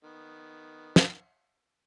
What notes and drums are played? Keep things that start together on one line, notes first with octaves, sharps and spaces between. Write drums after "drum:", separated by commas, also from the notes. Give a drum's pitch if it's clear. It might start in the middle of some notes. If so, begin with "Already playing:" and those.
D#3 B3
drum: snare